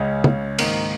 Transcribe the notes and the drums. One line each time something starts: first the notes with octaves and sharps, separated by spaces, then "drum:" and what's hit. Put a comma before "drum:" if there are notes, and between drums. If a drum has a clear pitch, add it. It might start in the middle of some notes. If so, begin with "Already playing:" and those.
Already playing: C#2 C#3 G#3 C#4
drum: tom C#3
G#2 D#3 A#3, drum: cymbal